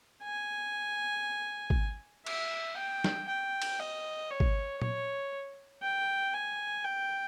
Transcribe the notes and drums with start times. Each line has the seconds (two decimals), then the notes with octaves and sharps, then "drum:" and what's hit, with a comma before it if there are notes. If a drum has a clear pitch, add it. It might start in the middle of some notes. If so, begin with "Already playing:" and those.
0.23 G#5
1.70 drum: kick
2.26 E5, drum: cymbal
2.77 G5
3.04 drum: snare
3.28 G5
3.62 drum: cymbal
3.80 D#5
4.31 C#5
4.40 drum: kick
4.82 C#5, drum: tom A#2
5.83 G5
6.34 G#5
6.85 G5